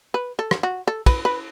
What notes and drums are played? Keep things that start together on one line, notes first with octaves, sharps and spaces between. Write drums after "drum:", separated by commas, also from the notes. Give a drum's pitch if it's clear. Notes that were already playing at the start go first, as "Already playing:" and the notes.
B4
A4
drum: rim click
F#4
A4
B4, drum: kick, cymbal
B4